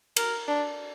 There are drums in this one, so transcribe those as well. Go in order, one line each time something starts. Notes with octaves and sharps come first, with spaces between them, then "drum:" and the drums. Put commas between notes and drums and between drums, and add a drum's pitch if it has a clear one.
A#4, drum: cymbal
D4